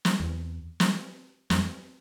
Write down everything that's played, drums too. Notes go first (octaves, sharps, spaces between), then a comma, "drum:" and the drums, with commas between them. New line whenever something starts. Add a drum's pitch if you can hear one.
drum: snare
E2
drum: snare
F2, drum: snare